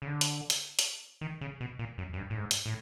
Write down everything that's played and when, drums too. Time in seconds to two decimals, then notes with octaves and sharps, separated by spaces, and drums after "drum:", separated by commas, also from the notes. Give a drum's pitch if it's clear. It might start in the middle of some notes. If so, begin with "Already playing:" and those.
0.02 C#3
0.07 D3
0.21 drum: hi-hat
0.50 drum: hi-hat
0.79 drum: hi-hat
1.21 D#3
1.41 C#3
1.61 B2
1.79 A#2
1.98 F#2
2.13 F#2
2.17 G2
2.30 A2
2.37 G#2
2.51 drum: hi-hat
2.66 A2